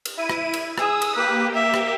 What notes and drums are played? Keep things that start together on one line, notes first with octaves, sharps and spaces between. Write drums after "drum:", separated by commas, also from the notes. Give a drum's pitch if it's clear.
drum: cymbal
E4 D#7
drum: rim click
drum: cymbal
G#4 D#6 E6, drum: rim click
drum: cymbal
A#3 G4 B4
E5
drum: rim click